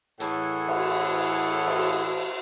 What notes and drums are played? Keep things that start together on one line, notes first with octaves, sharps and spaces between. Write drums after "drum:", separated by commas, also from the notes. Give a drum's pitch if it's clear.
A2 E3 G#4 A4 C#5 F#5, drum: hi-hat
drum: cymbal
drum: cymbal